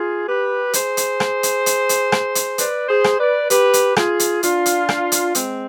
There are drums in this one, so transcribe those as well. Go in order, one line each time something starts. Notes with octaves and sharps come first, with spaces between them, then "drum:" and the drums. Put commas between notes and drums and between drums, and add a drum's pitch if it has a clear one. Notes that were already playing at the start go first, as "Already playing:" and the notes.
Already playing: F4 G#4
G4 B4
G#4 C5, drum: hi-hat
drum: hi-hat
drum: rim click
drum: hi-hat
drum: hi-hat
drum: hi-hat
drum: rim click
drum: hi-hat
B4 D5, drum: hi-hat
G#4 C5
drum: rim click
B4 D5
G4 B4, drum: hi-hat
drum: hi-hat
F4 G#4, drum: rim click
drum: hi-hat
D4 F4, drum: hi-hat
drum: hi-hat
drum: rim click
drum: hi-hat
G#3 C4, drum: hi-hat